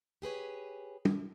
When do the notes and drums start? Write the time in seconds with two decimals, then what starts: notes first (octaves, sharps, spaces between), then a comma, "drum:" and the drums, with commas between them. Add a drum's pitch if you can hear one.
0.22 G4 G#4 B4 C#5
1.05 drum: tom